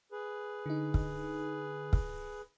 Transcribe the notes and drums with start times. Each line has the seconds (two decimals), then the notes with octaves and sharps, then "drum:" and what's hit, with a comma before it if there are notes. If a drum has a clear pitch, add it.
0.12 G#4 B4
0.66 D3 D#4
0.94 drum: kick
1.93 drum: kick